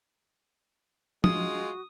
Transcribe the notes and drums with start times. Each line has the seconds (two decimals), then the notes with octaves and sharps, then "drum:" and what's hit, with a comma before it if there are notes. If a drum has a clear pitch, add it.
1.24 G#3 F4 F#4 D#6, drum: tom